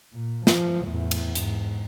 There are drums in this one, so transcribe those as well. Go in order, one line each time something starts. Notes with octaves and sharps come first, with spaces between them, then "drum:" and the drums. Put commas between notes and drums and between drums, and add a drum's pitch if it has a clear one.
A#2
F3, drum: snare
E2 A2
drum: cymbal
G#2, drum: hi-hat